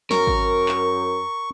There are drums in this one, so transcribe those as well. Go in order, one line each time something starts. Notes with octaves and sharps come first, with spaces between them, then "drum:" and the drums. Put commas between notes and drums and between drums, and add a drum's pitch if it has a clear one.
F#2 A#4 C#6, drum: snare
drum: kick G#1
drum: clap